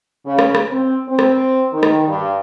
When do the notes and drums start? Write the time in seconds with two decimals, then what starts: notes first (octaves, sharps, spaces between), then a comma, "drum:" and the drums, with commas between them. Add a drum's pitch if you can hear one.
0.25 C#3
0.39 drum: rim click
0.55 drum: rim click
0.71 C4
1.07 C4
1.19 drum: rim click
1.72 D#3
1.83 drum: rim click
2.06 G2